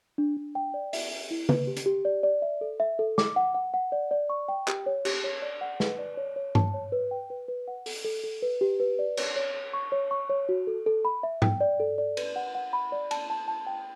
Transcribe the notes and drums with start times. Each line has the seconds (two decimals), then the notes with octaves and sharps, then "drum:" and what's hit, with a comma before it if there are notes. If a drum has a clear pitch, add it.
0.18 D4
0.37 D4
0.55 G5
0.74 D5
0.93 E5, drum: open hi-hat
1.11 E5
1.31 E4
1.49 B4, drum: tom C#3
1.67 G4
1.77 drum: hi-hat
1.86 G4
2.05 D5
2.23 D5
2.42 E5
2.61 A4
2.80 E5
2.99 A4
3.18 D6, drum: snare
3.36 F#5
3.54 F#5
3.74 F#5
3.92 D5
4.11 D5
4.30 C#6
4.48 G5
4.68 G4, drum: clap
4.86 C#5
5.05 G4, drum: cymbal
5.24 C#5
5.42 D5
5.61 F#5
5.80 B4, drum: snare
5.98 D5
6.17 C#5
6.36 C#5
6.55 A5, drum: tom G2
6.74 C#5
6.92 B4
7.11 G5
7.30 B4
7.48 B4
7.68 F#5
7.86 A4, drum: open hi-hat
8.04 A4
8.24 A4
8.42 B4
8.61 G4
8.80 B4
8.99 D5
9.17 C#5, drum: cymbal
9.36 C#5
9.54 C#5
9.73 C#6
9.92 C#5
10.11 C#6
10.29 C#5
10.49 F#4
10.67 A4
10.86 A4
11.05 B5
11.23 E5
11.42 G5, drum: tom G#2
11.61 D5
11.80 A4
11.98 D5
12.17 B4, drum: cymbal
12.36 F#5
12.55 F#5
12.73 B5
12.92 D5
13.11 A5, drum: cymbal
13.30 A5
13.48 A5
13.67 G5